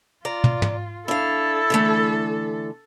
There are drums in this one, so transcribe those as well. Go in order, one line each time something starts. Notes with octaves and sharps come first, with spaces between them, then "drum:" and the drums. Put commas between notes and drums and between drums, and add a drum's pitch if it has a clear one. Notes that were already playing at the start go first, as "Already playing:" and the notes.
F4 D5 A#5
drum: tom
drum: tom
D4 E4 A4 F5
D3 E3 A3